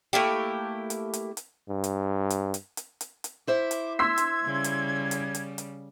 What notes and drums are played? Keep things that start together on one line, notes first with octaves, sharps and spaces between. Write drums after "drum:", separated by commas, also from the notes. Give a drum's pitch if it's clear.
A3 A#3 E4 G4
drum: hi-hat
drum: hi-hat
drum: hi-hat
G2
drum: hi-hat
drum: hi-hat
drum: hi-hat
drum: hi-hat
drum: hi-hat
drum: hi-hat
E4 C5 E5 D6
drum: hi-hat
C6 E6 G#6 B6
drum: hi-hat
C#3 G3
drum: hi-hat
drum: hi-hat
drum: hi-hat
drum: hi-hat